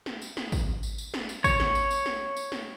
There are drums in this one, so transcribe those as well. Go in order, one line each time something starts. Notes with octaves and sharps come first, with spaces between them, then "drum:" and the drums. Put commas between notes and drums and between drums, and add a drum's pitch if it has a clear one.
drum: snare
drum: tambourine
drum: snare
drum: kick, tambourine
drum: tambourine
drum: tambourine
drum: snare
drum: tambourine
C#5, drum: kick, tambourine
drum: snare
drum: tambourine
drum: tambourine
drum: snare
drum: tambourine
drum: snare